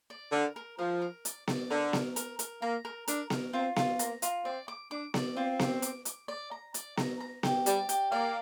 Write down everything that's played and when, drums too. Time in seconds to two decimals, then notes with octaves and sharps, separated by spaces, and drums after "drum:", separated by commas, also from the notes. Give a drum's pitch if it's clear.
0.10 D5
0.32 D3 A#4
0.56 A#4
0.79 F3 A#4
1.02 A#4
1.25 D5, drum: hi-hat
1.48 D5, drum: snare B3
1.70 D3 A#4
1.93 A#4, drum: snare B3
2.16 A#4, drum: hi-hat
2.39 A#4, drum: hi-hat
2.62 A#3 A#5
2.85 A#4
3.08 D4 A#4, drum: hi-hat
3.30 A#4, drum: snare B3
3.53 C4 F4
3.76 F4, drum: snare B3
3.99 A#3 A#5, drum: hi-hat
4.22 F4, drum: hi-hat
4.45 C4 D5
4.68 D6
4.91 D4 D6
5.14 D5, drum: snare B3
5.36 C4 F4
5.59 D6, drum: snare B3
5.82 D6, drum: hi-hat
6.05 D6, drum: hi-hat
6.28 D5
6.51 A#5
6.74 D5, drum: hi-hat
6.97 A#5, drum: snare B3
7.20 A#5
7.43 G4, drum: snare B3
7.66 G3 D5, drum: hi-hat
7.89 G4, drum: hi-hat
8.12 A#3 D5